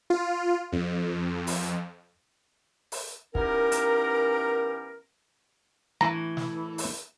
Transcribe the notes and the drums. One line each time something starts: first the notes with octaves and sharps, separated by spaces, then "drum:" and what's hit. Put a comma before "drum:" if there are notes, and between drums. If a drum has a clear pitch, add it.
F4
F2
drum: open hi-hat
drum: open hi-hat
E3 B3 C#4 D#4 G4 A#4, drum: kick
drum: hi-hat
A2 E3 A#5
drum: snare
drum: open hi-hat